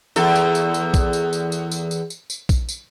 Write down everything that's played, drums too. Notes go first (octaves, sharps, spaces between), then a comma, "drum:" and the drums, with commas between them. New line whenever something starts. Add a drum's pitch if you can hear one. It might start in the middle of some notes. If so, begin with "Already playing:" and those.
E2 A4, drum: tambourine
drum: tambourine
drum: tambourine
drum: tambourine
drum: kick, tambourine
drum: tambourine
drum: tambourine
drum: tambourine
drum: tambourine
drum: tambourine
drum: tambourine
drum: tambourine
drum: kick, tambourine
drum: tambourine